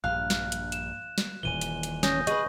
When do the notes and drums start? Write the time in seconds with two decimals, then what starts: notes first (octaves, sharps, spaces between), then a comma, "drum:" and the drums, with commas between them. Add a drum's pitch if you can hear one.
0.04 A#1 G2 F5 F#6
0.30 drum: snare
0.52 drum: hi-hat
0.72 E7, drum: hi-hat
1.18 drum: snare
1.43 D#1 A#2 E3 G#5 D#7 G7
1.61 drum: hi-hat
1.83 drum: hi-hat
2.03 C#4 D#6 G6 A#6, drum: snare
2.27 G#4 B4 D#5 C#6, drum: hi-hat